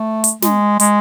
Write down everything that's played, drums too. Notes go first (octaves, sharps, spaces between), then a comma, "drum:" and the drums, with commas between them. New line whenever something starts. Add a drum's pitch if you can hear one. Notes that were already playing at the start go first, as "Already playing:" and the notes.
Already playing: A3
drum: hi-hat
G#3, drum: snare
G#3, drum: hi-hat